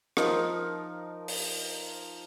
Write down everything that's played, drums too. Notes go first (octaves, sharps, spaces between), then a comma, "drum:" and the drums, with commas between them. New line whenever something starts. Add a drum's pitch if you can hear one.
F3 D#4 A#4, drum: rim click
drum: open hi-hat